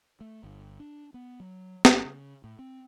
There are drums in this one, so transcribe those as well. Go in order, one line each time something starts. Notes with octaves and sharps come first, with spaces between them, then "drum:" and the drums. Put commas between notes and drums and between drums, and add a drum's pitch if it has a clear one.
A3
G1
D4
B3
F#3
G1, drum: snare
C#3
A2
C4